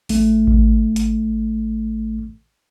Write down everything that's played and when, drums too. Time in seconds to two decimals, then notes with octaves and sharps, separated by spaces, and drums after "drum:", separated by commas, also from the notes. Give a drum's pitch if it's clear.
0.09 A1 A3, drum: open hi-hat
0.47 drum: kick G#1
0.96 drum: hi-hat